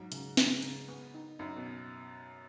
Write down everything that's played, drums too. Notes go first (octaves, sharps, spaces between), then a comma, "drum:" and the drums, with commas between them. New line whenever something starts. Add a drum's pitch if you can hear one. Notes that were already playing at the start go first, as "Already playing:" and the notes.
Already playing: G#2 F#3
C#3, drum: hi-hat
G#2 C#3, drum: snare
C#3, drum: cymbal
B3
D#4
F#2 D#4
B2